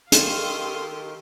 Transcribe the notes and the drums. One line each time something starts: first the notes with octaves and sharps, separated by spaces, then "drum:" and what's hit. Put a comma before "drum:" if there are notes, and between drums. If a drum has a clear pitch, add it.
D#3 G4 A4 F5 C6 D#6, drum: hi-hat